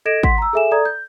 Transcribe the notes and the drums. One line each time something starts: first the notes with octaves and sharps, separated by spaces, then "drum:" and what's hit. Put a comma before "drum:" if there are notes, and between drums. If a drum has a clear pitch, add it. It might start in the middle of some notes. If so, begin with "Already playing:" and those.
A4 D#5 G#6 A#6 D7 E7
F#5 C6 B6, drum: kick
A#5 E6
G#4 A4 E5 G#5 E7
A4 D5 A#5 D#6 G#6
G6